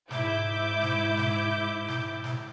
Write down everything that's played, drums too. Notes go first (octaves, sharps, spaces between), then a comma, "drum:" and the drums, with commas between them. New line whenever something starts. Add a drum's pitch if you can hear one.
G#2 E4 D6 G6, drum: snare
drum: snare
drum: snare
drum: snare
drum: snare